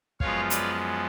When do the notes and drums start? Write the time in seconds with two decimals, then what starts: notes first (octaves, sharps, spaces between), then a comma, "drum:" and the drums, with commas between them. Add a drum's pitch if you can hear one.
0.20 F#2 F3 G#3 B3 F4 C#5 F5, drum: kick
0.50 B4 D5, drum: hi-hat